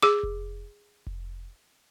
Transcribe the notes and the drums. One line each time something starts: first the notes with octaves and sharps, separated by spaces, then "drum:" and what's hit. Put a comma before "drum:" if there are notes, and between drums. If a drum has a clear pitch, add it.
G#4 D6
drum: kick F1
drum: kick F1